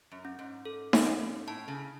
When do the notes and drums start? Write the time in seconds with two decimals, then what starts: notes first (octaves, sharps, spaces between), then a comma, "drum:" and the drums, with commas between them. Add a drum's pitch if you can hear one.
0.12 F#2
0.25 C#4
0.39 G#2
0.65 A4
0.93 drum: snare D#4
1.06 C#4
1.47 A2 A5
1.68 C#3